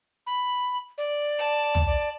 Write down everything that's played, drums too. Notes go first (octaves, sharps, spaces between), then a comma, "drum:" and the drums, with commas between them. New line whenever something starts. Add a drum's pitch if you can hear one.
B5
D5
A5
drum: tom
D5